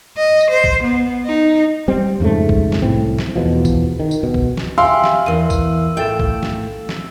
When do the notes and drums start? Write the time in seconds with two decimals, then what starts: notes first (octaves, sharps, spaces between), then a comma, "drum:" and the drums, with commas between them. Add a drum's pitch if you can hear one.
0.18 D#5
0.41 drum: tambourine
0.50 C5
0.64 drum: kick A#1
0.84 B3
1.25 D#4
1.88 G3 C4
2.20 F2 G#2 C#3 A3
2.49 drum: kick A#1
2.72 drum: snare
2.82 C2 A2 C4
3.19 drum: snare
3.36 E2 B2 F3
3.65 drum: kick A#1, tambourine
4.00 D#3
4.11 drum: tambourine
4.23 B2
4.34 drum: kick A#1
4.57 drum: snare
4.78 G4 E5 F5 G5 G#5 C6 E6
5.04 drum: snare
5.26 E2 E3 A#4 D#7
5.50 drum: kick A#1, tambourine
5.97 A2 A3 A4 G5 A6 E7
6.19 drum: kick A#1
6.43 drum: snare
6.89 drum: snare